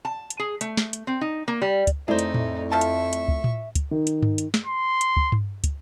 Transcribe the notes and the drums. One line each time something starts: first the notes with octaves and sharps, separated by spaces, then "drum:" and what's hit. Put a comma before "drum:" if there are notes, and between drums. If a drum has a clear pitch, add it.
A5
drum: hi-hat
G#4
A3, drum: hi-hat
drum: snare
drum: hi-hat
C4
D#4
A#3
G3
drum: kick, hi-hat
F2 A3 D#4 E4 G#4 C5 D5
drum: hi-hat
drum: tom A2
F3 A4 E5 A5 C#6
drum: hi-hat
drum: hi-hat
drum: kick
drum: tom A2
drum: kick, hi-hat
D#3
drum: hi-hat
drum: tom G2
drum: hi-hat
drum: snare
C6
drum: hi-hat
drum: kick
drum: tom G2
drum: kick, hi-hat